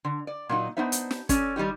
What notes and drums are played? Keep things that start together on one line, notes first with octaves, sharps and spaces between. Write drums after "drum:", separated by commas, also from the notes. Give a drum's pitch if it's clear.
D3
D5
A#2 F#3 D#4 F#4
B3 D4 D#4 C5 E5
drum: hi-hat
drum: snare
C#4 A4 D5, drum: kick, hi-hat
D#3 G3 B3 D#4 G4